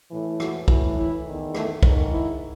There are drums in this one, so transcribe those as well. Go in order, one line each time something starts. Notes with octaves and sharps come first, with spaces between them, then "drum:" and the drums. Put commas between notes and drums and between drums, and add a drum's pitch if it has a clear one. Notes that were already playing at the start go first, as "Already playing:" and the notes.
A2 E3
F#4, drum: rim click
A2 E3, drum: kick
E4
E2 D#3
A3, drum: rim click
G#2 D#3, drum: kick
E4